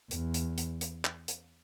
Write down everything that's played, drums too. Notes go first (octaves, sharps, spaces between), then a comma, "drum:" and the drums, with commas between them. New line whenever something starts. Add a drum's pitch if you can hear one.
E2, drum: hi-hat
drum: hi-hat
drum: hi-hat
drum: hi-hat
drum: clap
drum: hi-hat